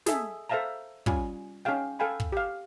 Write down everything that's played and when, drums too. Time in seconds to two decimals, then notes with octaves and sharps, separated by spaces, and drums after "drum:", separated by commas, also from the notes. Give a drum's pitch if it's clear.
0.06 G#4 A4 E5, drum: snare
0.49 A4 C5 E5 F5 A5 A#5
1.06 G3 C#4 F4 G#5, drum: kick
1.65 C#4 D#4 G#4 F5 G5
1.99 A4 F5 G5 G#5 B5
2.20 drum: kick
2.32 G4 F5